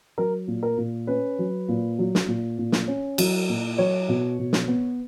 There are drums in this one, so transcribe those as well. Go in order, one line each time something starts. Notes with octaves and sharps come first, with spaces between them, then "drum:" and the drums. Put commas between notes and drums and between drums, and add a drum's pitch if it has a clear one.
F#3 A#4
A#2
A#4
A#2
C#4 B4
F#3
A#2
F#3
drum: snare
A#2
A#2
drum: snare
C#4
F#3, drum: cymbal
A#2
F#3 C#5
B2
B2
drum: snare
B3